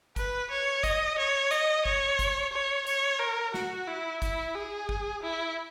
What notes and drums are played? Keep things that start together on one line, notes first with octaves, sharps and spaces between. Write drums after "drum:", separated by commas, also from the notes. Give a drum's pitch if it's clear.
B4, drum: kick, hi-hat
C#5
D#5, drum: kick, hi-hat
C#5
D#5, drum: hi-hat
C#5, drum: kick
drum: kick, hi-hat
C#5
C#5, drum: hi-hat
A#4
F#4, drum: snare
E4
E4, drum: kick, hi-hat
G#4
drum: kick
E4